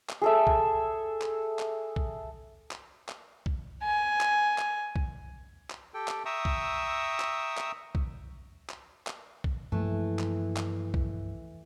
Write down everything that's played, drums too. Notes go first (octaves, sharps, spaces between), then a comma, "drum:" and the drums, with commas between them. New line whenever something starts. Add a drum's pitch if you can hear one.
drum: clap
G#4 A4 E5
drum: kick
drum: clap
drum: clap
drum: kick
drum: clap
drum: clap
drum: kick
G#5
drum: clap
drum: clap
drum: kick
drum: clap
G4 A4 G5
drum: clap
E5 G5 A#5 C#6 D#6 E6
drum: kick
drum: clap
drum: clap
drum: kick
drum: clap
drum: clap
drum: kick
G2 E3 F3 A3 A#3
drum: clap
drum: clap
drum: kick